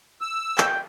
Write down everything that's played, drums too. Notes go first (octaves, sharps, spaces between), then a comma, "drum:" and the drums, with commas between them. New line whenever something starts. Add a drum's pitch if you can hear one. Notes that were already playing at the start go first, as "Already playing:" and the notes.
E6
G5, drum: clap